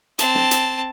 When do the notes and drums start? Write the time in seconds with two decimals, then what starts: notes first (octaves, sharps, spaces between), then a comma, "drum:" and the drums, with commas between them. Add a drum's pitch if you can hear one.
0.19 C4 A5, drum: hi-hat
0.35 drum: snare
0.51 drum: hi-hat